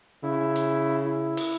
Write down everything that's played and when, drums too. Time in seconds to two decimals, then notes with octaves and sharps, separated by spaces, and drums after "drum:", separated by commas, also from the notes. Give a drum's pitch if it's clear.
0.24 C#3 E4
0.56 drum: hi-hat
1.05 E4
1.37 drum: open hi-hat